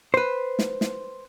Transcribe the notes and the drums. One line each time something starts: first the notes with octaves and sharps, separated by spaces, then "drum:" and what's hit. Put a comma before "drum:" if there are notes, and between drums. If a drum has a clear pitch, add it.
B4 C5
drum: snare
drum: snare